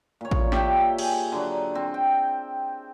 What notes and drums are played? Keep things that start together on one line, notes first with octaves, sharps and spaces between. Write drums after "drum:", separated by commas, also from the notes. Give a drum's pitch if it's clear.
A#2 C#5
drum: kick A1
G4 E5 F5 G5, drum: snare
G#4, drum: cymbal
D3 F#3
C4
G5